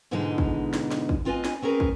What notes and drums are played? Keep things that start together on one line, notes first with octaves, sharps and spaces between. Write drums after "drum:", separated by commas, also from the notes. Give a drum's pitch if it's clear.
G#2 B2 D3 E3 G#3 D#4
drum: kick
drum: snare
drum: snare
drum: kick
C4 F4 B4 D#5 G#5
drum: snare
C4 C#4 G#4 A#4 B4
drum: kick